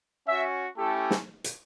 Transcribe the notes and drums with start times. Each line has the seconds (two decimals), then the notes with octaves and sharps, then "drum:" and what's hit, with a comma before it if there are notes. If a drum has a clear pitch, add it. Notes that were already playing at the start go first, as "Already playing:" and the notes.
0.28 C#4 F#4 E5
0.78 A3 C#4 E4 G4 A4
1.11 drum: snare
1.44 drum: hi-hat